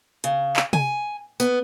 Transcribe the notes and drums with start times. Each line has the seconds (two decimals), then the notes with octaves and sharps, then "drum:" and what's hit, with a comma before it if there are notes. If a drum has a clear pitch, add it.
0.24 C#3, drum: hi-hat
0.56 drum: clap
0.73 G#5, drum: tom C3
1.40 B3, drum: tambourine